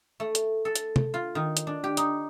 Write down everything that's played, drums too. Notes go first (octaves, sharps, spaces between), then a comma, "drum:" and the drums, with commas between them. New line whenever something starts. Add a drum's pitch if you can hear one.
A3
drum: hi-hat
A4
drum: hi-hat
drum: tom
F4
D#3
drum: hi-hat
D4
G4
D#4, drum: hi-hat